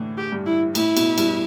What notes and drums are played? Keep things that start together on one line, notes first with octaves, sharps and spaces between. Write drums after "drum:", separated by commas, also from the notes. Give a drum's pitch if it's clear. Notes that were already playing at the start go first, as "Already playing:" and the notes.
Already playing: A2 D3 E3
G4
G2
E4
A2 E4, drum: cymbal
B2, drum: cymbal
G2, drum: cymbal